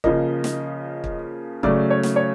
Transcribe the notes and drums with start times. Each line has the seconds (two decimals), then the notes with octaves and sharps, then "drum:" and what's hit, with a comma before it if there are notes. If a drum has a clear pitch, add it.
0.04 C#3 F3 A#3 D#5, drum: kick
0.44 drum: snare
1.04 drum: kick
1.63 C#3 F#3 A3 D5, drum: kick
1.90 C#5
2.03 drum: snare
2.16 C#5